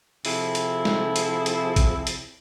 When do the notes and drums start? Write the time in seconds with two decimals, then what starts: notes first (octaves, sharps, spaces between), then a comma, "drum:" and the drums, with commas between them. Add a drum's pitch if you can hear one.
0.25 C3 F3 E4 G#4 A4, drum: open hi-hat
0.55 drum: hi-hat
0.85 drum: snare
1.16 drum: hi-hat
1.46 drum: hi-hat
1.76 drum: kick A1, hi-hat
2.07 drum: hi-hat